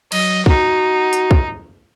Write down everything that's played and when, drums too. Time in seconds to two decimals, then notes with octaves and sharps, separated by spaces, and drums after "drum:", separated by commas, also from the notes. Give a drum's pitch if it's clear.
0.12 F#3 D#5, drum: cymbal
0.46 D#4 F#4, drum: kick
1.13 drum: hi-hat
1.31 drum: kick